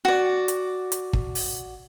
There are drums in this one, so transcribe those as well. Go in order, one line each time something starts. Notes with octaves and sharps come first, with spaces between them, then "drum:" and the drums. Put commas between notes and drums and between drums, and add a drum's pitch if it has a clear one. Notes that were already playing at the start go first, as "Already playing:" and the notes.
F#4 D5
drum: hi-hat
drum: hi-hat
drum: kick
drum: open hi-hat